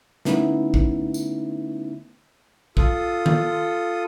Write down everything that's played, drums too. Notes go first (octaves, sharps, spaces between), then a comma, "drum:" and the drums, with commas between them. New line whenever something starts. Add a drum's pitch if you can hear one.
D3 A3 B3 C#4 D#4 E4, drum: snare
drum: kick A#1
drum: tambourine
F4 A4 D#6, drum: kick A#1
drum: tom D#3